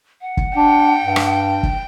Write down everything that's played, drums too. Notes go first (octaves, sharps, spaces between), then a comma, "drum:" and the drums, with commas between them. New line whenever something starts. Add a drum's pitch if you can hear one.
F#5
drum: kick
D4 G5
G2
drum: rim click
drum: kick